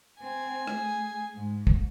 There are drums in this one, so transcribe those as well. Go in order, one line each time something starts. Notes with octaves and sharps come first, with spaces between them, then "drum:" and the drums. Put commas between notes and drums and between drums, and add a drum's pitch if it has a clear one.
C4 G#5
A3 G#4, drum: rim click
G#2
drum: kick